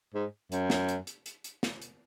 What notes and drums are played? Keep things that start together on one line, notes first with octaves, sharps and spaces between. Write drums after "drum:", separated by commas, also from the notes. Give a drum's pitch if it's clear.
G#2
F#2, drum: hi-hat
drum: snare
drum: hi-hat
drum: hi-hat
drum: hi-hat
drum: hi-hat
drum: snare
drum: hi-hat